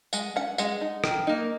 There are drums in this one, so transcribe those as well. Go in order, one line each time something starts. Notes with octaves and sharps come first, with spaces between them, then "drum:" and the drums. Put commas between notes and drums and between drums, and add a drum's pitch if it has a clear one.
G#3 F#5, drum: tambourine
C#4 F#5
G#3 F#5, drum: tambourine
D#4
D#3, drum: rim click
A#3 D#4